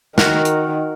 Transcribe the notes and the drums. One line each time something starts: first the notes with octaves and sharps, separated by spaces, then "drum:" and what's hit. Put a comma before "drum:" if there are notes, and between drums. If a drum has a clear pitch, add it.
D#3 F#4 A#4 F#5, drum: snare
drum: hi-hat